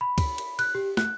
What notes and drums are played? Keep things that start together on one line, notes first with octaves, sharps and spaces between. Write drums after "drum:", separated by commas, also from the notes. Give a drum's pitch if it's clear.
B5
drum: kick, cymbal
drum: cymbal
F#6, drum: cymbal
G4
F#6, drum: snare